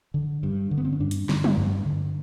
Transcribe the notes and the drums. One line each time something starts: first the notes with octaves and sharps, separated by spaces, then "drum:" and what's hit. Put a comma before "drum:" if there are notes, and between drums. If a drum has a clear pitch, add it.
D3
G2
D3
B3
C4
C#4
G2 D4
drum: hi-hat
D3, drum: snare
drum: tom
G2
D3